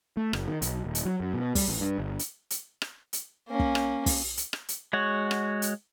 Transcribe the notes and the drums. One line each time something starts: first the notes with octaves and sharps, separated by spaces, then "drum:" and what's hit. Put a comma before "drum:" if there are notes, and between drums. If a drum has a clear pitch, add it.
A3
F#1, drum: rim click
D#3
B1, drum: hi-hat
D#1
drum: hi-hat
F#3
F#2
B2
G3, drum: kick, open hi-hat
A1
G2
G1
drum: hi-hat
drum: hi-hat
drum: rim click
drum: hi-hat
A#3 C#4
drum: kick
drum: rim click
drum: kick, open hi-hat
drum: hi-hat
drum: rim click
drum: hi-hat
G#3 F#4 C#5 F#5
drum: rim click
drum: hi-hat